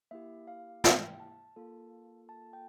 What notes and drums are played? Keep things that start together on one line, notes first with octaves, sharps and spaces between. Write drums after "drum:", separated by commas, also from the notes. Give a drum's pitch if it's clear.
A#3 E4 G4 E5
F5
G5, drum: snare
A5
A#3 F4 A4
A5
G5